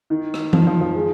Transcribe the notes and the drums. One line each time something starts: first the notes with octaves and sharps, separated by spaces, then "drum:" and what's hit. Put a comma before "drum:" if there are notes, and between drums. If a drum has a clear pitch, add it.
D#3
drum: rim click
F3, drum: tom
F3
F3
G#3